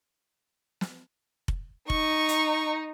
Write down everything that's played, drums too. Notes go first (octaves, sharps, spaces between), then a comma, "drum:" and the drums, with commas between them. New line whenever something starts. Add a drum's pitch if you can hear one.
drum: snare
drum: kick F1
D#4 C#6, drum: kick F1
drum: hi-hat